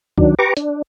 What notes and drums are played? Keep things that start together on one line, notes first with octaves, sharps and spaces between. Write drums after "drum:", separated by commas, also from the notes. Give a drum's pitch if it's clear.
D#3 F#3 D4, drum: kick C2
G4 B4 A#5 C#6 D6
D4, drum: hi-hat